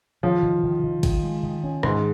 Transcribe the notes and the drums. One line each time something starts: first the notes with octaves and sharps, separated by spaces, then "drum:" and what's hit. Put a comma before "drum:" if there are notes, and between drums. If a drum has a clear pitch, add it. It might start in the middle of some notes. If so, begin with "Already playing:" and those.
D#3 F3
D#3
D#3
D#3
D#3, drum: kick, cymbal
G#3
D#3
C#4
G#2 D#3, drum: rim click